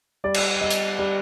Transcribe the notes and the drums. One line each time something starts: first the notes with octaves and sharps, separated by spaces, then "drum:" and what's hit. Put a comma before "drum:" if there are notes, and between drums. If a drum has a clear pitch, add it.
G3 D5
drum: cymbal
G3 D#5
drum: hi-hat
G3